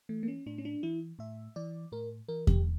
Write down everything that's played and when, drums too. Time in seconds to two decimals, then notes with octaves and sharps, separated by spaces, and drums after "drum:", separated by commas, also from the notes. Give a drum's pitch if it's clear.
0.09 E3 A3
0.23 A#3
0.28 C#4
0.46 A2 D4
0.58 C#4
0.65 D4
0.83 E3 E4
1.19 A2 E5
1.56 E3 D5
1.92 A2 A#4
2.28 E3 A#4
2.47 G4, drum: kick E2